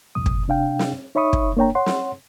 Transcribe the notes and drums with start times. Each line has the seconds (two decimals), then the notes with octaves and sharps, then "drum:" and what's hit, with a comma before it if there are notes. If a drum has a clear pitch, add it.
0.15 C2 F2 A#2 D#6
0.26 drum: kick
0.48 C3 D4 F5 G5
0.79 drum: snare
1.15 D#4 C#5 E5 B5 C#6 D#6
1.33 drum: kick
1.57 A#3 D4 C#5 G5 A#5
1.75 C#5 F#5 C6
1.86 drum: snare